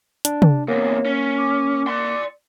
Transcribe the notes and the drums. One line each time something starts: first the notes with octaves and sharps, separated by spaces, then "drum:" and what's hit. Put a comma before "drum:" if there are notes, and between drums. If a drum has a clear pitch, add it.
D4, drum: hi-hat
drum: tom
E2 C3 A#3 C#5
C#4
D6
D5 C6